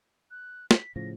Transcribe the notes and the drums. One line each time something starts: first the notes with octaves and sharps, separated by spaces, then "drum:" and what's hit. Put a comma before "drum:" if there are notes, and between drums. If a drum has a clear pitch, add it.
F#6
B6, drum: snare
A2 C#3 F3 A#6